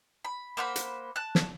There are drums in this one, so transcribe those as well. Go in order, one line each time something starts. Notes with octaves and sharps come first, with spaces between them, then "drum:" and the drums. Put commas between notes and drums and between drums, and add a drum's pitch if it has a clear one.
B5
A#3 C5 F#5 B5
drum: hi-hat
A5 F#6
drum: snare